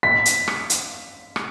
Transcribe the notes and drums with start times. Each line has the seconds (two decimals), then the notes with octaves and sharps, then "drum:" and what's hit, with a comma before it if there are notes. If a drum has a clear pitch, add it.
0.03 B6
0.25 drum: hi-hat
0.48 drum: rim click
0.70 drum: hi-hat
1.36 drum: rim click